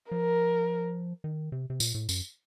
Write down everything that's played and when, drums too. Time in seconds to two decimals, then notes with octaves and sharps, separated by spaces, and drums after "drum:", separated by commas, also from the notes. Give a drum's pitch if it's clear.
0.11 F3 A#4
1.24 D#3
1.52 C3
1.70 C3
1.80 A#2, drum: tambourine
1.95 A2
2.09 F#2, drum: tambourine